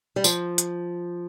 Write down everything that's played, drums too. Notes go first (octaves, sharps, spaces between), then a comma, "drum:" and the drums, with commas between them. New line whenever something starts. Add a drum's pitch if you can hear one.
G3
F3, drum: tambourine
drum: hi-hat